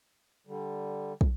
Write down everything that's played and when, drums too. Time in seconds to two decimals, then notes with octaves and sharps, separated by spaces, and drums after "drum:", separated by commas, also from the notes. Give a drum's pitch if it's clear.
0.47 D3 G3
1.21 drum: kick